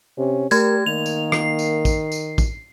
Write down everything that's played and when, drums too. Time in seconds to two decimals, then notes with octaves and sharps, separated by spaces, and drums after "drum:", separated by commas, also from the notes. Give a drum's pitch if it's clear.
0.18 C3 C#4
0.51 A3 G4 A#4 G#6, drum: tambourine
0.86 D#3 A#3 F7
1.06 drum: tambourine
1.32 C7, drum: rim click
1.59 drum: tambourine
1.85 drum: kick, tambourine
2.12 drum: tambourine
2.38 drum: kick, tambourine